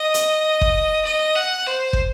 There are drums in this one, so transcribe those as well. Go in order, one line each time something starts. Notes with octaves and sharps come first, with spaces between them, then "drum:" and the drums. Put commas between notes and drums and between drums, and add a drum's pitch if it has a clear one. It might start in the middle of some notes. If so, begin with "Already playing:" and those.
Already playing: D#5
drum: hi-hat
drum: kick
D#5
F#5
C5
drum: kick